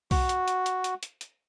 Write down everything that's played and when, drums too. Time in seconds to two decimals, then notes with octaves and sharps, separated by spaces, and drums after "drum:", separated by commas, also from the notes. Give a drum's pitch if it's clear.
0.11 F#4, drum: kick B1, open hi-hat
0.29 drum: hi-hat
0.48 drum: hi-hat
0.66 drum: hi-hat
0.84 drum: hi-hat
1.03 drum: hi-hat
1.21 drum: hi-hat